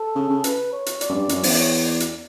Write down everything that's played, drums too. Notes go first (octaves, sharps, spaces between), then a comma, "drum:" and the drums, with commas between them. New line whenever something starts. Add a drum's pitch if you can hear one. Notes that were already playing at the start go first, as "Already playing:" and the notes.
Already playing: A4
C#3
C#3
B4, drum: hi-hat
C#5
drum: hi-hat
D5, drum: hi-hat
F#2
G2
F#2, drum: hi-hat
E2, drum: open hi-hat
C#5
D5
drum: hi-hat